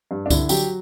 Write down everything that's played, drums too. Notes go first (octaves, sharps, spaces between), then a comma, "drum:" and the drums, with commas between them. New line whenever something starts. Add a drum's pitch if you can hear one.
G2
D4
D3 E4, drum: kick C#2, tambourine
F#3 G4, drum: tambourine